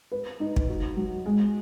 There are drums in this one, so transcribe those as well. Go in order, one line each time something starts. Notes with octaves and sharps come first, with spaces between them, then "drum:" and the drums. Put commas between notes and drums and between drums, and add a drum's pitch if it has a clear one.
B4
D#4
drum: kick
F#4
F#3
G#3